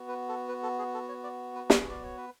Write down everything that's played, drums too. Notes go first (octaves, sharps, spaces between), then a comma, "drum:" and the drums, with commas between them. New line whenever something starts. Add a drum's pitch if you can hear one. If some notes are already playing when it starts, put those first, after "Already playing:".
Already playing: B3 F#4
B4
A4
B4
A4
G#4
A4
C#5
D5
B4
G#4, drum: snare
D5
C#5
B4